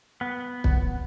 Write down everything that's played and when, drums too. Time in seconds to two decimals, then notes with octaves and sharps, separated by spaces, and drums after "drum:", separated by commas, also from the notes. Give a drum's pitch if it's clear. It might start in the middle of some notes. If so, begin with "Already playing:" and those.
0.21 B3
0.64 drum: kick